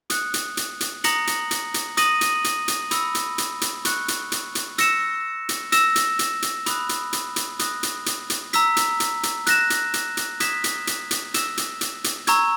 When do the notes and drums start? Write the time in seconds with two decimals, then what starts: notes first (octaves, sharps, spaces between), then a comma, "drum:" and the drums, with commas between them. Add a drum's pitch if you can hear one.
0.10 D#6 F#6 C#7, drum: hi-hat
0.34 drum: hi-hat
0.57 drum: hi-hat
0.81 drum: hi-hat
1.04 A#5 D#6 A#6 C#7 F#7, drum: hi-hat
1.27 drum: hi-hat
1.51 drum: hi-hat
1.74 drum: hi-hat
1.97 D#6 A#6 D#7 F#7, drum: hi-hat
2.21 drum: hi-hat
2.44 drum: hi-hat
2.68 drum: hi-hat
2.91 B5 E6 A#6 C#7, drum: hi-hat
3.15 drum: hi-hat
3.38 drum: hi-hat
3.61 drum: hi-hat
3.85 C#6 F#6 C#7, drum: hi-hat
4.08 drum: hi-hat
4.32 drum: hi-hat
4.55 drum: hi-hat
4.78 E6 A#6 C#7 E7, drum: hi-hat
5.49 drum: hi-hat
5.72 E6 A#6 E7, drum: hi-hat
5.96 drum: hi-hat
6.19 drum: hi-hat
6.42 drum: hi-hat
6.66 B5 D#6 F#6, drum: hi-hat
6.89 drum: hi-hat
7.13 drum: hi-hat
7.36 drum: hi-hat
7.59 D#6 F#6 A#6, drum: hi-hat
7.83 drum: hi-hat
8.06 drum: hi-hat
8.30 drum: hi-hat
8.53 A#5 E6 B6, drum: hi-hat
8.77 drum: hi-hat
9.00 drum: hi-hat
9.23 drum: hi-hat
9.47 F#6 A#6 E7, drum: hi-hat
9.70 drum: hi-hat
9.94 drum: hi-hat
10.17 drum: hi-hat
10.40 D#6 G#6 B6 E7, drum: hi-hat
10.64 drum: hi-hat
10.87 drum: hi-hat
11.11 drum: hi-hat
11.34 E6 A#6 E7, drum: hi-hat
11.57 drum: hi-hat
11.81 drum: hi-hat
12.04 drum: hi-hat
12.27 A#5 C#6 E6 G#6, drum: hi-hat